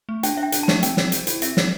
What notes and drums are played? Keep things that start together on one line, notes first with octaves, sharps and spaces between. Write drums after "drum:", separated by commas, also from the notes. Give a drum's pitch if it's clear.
A3
D4 G5, drum: hi-hat
D4 E5
G5
D4, drum: hi-hat
A5
A3, drum: snare
C4 G5, drum: hi-hat
C4, drum: snare
C5, drum: hi-hat
E4, drum: hi-hat
C4 E5, drum: hi-hat
C4, drum: snare